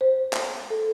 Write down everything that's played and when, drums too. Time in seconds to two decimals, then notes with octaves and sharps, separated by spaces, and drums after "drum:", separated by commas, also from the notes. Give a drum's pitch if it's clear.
0.01 C5
0.33 drum: clap
0.70 A4